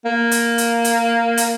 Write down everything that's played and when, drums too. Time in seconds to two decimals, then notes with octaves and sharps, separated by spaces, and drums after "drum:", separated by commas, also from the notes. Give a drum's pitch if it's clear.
0.05 A#3
0.31 drum: hi-hat
0.58 drum: hi-hat
0.84 drum: hi-hat
1.37 drum: hi-hat